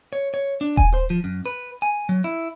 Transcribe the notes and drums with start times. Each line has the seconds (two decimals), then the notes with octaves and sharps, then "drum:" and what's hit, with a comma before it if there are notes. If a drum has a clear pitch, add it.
0.13 C#5
0.34 C#5
0.61 D4
0.77 G#5, drum: kick D#1
0.94 C5
1.10 F3
1.24 F#2
1.46 B4
1.82 G#5
2.09 F#3
2.24 E4